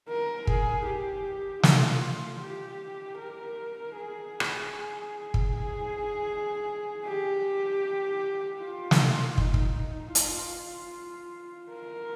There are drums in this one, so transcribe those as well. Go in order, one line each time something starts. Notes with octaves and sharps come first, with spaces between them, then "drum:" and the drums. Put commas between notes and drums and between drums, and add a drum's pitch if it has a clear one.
A#4
G#4, drum: kick
G4
F4, drum: snare
G4
A#4
G#4
drum: rim click
drum: kick
G#4
G4
F4
drum: snare
D#4, drum: kick
drum: kick
F4, drum: hi-hat
A#4